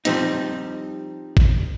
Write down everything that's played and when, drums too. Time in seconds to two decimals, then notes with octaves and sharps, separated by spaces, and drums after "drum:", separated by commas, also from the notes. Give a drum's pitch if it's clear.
0.05 F3 G3 C4 D#4, drum: hi-hat
1.37 drum: kick A1